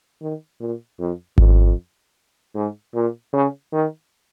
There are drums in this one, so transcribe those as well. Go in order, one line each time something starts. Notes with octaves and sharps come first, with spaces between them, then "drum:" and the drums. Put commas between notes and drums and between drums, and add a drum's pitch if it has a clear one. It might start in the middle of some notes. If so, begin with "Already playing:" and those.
D#3
A#2
F2
F2, drum: kick G#1
G#2
A#2
C#3
D#3